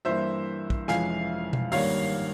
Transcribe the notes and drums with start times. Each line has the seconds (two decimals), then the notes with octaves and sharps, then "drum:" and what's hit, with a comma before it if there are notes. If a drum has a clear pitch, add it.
0.05 G2 E3 A#3 C5 E5
0.70 drum: kick
0.88 F1 F2 E3 G#3 C#4 F5 G#5, drum: snare
1.53 drum: tom B2
1.72 G#1 G2 G3 A#3 C#5 F5, drum: open hi-hat